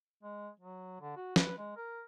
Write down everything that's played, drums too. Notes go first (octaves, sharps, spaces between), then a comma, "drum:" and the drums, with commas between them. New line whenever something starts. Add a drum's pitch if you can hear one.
G#3
F#3
D3
F#4
B4, drum: snare
G#3
A#4